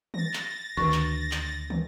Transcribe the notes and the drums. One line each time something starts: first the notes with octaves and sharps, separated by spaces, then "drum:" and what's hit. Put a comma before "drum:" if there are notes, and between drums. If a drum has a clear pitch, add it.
A6 A#6, drum: tom D#3
drum: clap
D2 D#3 C#6
drum: clap
drum: clap
drum: tom